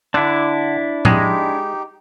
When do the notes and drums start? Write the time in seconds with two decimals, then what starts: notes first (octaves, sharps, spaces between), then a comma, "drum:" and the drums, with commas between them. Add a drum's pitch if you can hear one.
0.14 D3 D4 E4
1.05 G#3 D#4 G4, drum: tom